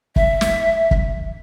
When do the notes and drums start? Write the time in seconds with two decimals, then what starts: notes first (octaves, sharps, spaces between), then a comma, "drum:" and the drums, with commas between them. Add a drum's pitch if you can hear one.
0.16 E5, drum: kick
0.41 drum: snare
0.91 drum: kick